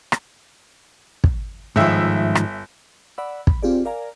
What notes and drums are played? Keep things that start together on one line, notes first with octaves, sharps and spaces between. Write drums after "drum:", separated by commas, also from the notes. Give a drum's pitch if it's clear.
drum: rim click
drum: kick
G1 G#2 D#3 F3 E5
drum: rim click
D5 F#5 B5 E6
B5, drum: kick
C4 F4 G4 G#4 D5
A#4 D5 F5 G#5 A#5